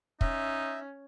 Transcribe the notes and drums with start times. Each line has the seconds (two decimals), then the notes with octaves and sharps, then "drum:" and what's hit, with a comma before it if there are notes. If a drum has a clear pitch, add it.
0.21 C#4 D#4 E5, drum: kick